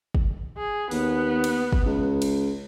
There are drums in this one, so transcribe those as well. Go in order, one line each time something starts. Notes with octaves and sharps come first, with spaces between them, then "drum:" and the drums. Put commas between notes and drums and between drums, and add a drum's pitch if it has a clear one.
drum: kick
G#4
D#2 B3, drum: open hi-hat
drum: cymbal
drum: kick
C#2
drum: cymbal